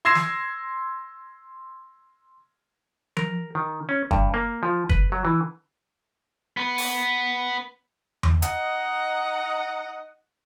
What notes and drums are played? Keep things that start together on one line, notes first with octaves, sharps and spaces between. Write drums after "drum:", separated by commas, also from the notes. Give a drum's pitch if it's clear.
C6 E6 G#6 A#6 C7 E7
drum: snare
A#4, drum: tom F3
D#3
C#4
G2, drum: kick
A#3
F3
B4, drum: kick
F#3
E3
B3 B4
drum: open hi-hat
drum: tom E2
D#4 D#5 F#5, drum: hi-hat